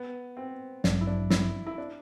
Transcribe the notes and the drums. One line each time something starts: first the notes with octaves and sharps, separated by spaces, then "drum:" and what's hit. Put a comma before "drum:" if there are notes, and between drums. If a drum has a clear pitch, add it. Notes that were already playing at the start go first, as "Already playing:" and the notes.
Already playing: B3
C4
A1 G2 F#3 D4, drum: snare
E4
D4
E4, drum: snare
E4
D4